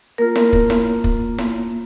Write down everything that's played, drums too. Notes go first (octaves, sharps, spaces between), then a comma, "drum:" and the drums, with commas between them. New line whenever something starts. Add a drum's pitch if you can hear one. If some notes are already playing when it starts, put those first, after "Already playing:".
A#3 F4 A#4
drum: snare E4
drum: kick
drum: snare E4
drum: kick
drum: snare E4